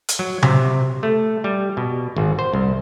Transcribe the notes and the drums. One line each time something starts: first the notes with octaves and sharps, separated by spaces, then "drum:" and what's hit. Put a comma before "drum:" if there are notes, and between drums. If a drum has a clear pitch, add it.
drum: hi-hat
F#3
C3, drum: tom C3
A3
G3
B2
G#1
C5
C2